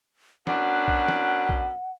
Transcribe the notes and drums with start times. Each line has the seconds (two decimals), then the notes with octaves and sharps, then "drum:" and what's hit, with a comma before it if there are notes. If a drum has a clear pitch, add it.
0.47 F#2 B2 D4 F#5, drum: snare
0.88 drum: kick A#1
1.08 drum: snare
1.49 drum: kick A#1